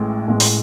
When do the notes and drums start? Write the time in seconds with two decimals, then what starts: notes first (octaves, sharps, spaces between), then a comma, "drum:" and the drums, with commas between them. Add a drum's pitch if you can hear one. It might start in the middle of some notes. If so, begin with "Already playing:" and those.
Already playing: A1 A2 G#3
0.28 A1 A2 G#3
0.40 drum: open hi-hat